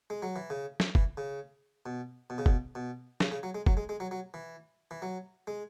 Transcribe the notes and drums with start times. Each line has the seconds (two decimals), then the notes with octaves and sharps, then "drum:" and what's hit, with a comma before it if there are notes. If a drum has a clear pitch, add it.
0.10 G#3
0.22 F#3
0.36 E3
0.50 C#3
0.80 drum: snare
0.95 E3, drum: kick F#1
1.17 C#3
1.86 B2
2.30 B2
2.38 C#3
2.46 B2, drum: kick F#1
2.75 B2
3.20 C#3, drum: snare
3.32 C#3
3.43 F#3
3.55 G#3
3.67 F#3, drum: kick F#1
3.77 G#3
3.89 G#3
4.00 F#3
4.11 F#3
4.34 E3
4.91 E3
5.02 F#3
5.47 G#3